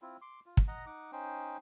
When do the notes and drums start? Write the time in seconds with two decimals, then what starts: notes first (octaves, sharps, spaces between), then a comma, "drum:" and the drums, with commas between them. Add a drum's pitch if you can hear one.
0.02 C4 E4 F4
0.22 C6 D6
0.46 F4
0.57 drum: kick
0.68 D#5 F#5 A#5
0.86 D#4 F#5 D6
1.12 C#4 D#4 C5 G5